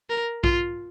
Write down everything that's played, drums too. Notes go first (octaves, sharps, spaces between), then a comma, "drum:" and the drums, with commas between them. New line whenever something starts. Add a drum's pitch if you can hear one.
A#4
F4, drum: kick A#1